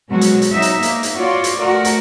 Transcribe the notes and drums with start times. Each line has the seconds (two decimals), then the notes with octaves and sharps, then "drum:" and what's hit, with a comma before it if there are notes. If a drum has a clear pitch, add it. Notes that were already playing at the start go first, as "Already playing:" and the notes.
0.11 B2 F#3 G#3 F#4
0.21 drum: hi-hat
0.42 drum: hi-hat
0.52 F#3 D#4 E5
0.62 drum: hi-hat
0.83 A#3, drum: hi-hat
1.03 drum: hi-hat
1.17 F4 F#4 C#5 D5
1.44 drum: hi-hat
1.58 A3 F#4 A#4
1.85 drum: hi-hat